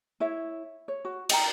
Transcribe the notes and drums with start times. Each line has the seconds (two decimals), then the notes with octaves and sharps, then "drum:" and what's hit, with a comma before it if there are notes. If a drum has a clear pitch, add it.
0.20 E4 C#5 E5
0.88 C#5
1.05 F#4
1.29 D#5 G5 A#5, drum: cymbal